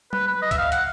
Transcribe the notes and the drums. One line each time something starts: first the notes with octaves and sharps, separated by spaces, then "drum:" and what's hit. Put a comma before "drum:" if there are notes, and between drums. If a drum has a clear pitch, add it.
B4, drum: tom F#3
B4
D#5
E5, drum: kick, hi-hat
F5
F#5, drum: hi-hat